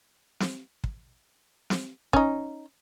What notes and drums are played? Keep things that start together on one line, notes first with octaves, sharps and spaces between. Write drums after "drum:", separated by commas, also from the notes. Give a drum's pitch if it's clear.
drum: snare
drum: kick
drum: snare
C#4 D#4, drum: kick